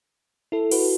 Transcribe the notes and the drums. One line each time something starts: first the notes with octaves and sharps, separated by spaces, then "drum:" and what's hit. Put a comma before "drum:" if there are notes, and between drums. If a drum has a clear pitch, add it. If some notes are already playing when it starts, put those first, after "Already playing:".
E4 A4
F#4 B4, drum: open hi-hat